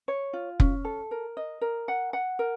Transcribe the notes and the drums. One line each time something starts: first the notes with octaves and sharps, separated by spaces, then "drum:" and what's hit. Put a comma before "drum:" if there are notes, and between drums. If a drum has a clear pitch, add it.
C#5
F4
C#4, drum: kick F1
A4
A#4
D#5
A#4
F#5
F#5
A#4